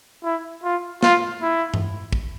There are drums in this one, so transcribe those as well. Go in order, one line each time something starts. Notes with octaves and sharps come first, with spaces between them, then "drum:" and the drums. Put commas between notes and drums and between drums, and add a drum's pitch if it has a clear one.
E4
F4
F4, drum: snare
E4
drum: tom G2
drum: kick